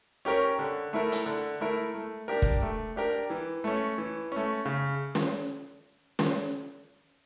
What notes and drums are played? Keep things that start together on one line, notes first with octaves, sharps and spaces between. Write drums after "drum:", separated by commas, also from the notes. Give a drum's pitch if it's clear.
C#4 G4 A#4 C#5
D3
A3 E4 A#4
drum: hi-hat
D3
A3 E4 A#4
A3
D4 G4 A#4
drum: kick
A3
D4 G4 A#4
E3
A3 C#4
E3
A3 C#4
C#3
drum: snare
drum: snare